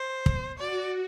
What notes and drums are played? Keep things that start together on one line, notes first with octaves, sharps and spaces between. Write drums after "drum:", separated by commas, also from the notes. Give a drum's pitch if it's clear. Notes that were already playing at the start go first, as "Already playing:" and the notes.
Already playing: C5
drum: kick
F#4 D5